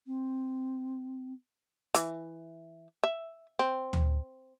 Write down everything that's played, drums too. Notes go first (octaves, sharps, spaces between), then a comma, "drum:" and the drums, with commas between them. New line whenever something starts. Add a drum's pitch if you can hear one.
C4
E3, drum: hi-hat
E5
C4
drum: tom D2